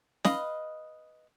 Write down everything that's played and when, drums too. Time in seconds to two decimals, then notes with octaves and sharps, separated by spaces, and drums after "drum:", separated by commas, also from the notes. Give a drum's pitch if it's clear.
0.25 B4 D#5 F5, drum: snare